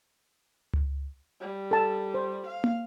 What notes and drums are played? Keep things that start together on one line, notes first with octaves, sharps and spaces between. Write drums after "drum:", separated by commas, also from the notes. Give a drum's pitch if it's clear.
drum: tom C#2
G3
A4 A5
C5
F5
drum: tom